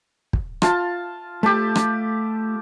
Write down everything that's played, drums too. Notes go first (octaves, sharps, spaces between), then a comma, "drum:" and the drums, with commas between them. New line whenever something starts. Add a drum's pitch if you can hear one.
drum: kick
F4 A5, drum: rim click
A3 G4 A5
drum: rim click